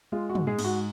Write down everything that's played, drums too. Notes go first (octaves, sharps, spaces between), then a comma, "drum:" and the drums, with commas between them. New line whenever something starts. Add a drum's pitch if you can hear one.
G#3 F4
F#4
G#2, drum: tom
G#3 G#4
G#2, drum: cymbal
F#4